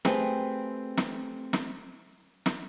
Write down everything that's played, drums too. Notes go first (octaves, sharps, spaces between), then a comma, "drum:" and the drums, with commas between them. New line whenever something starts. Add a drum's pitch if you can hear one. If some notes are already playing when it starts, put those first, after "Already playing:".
A3 C4 G4 G#4 B4, drum: snare
drum: snare
drum: snare
drum: snare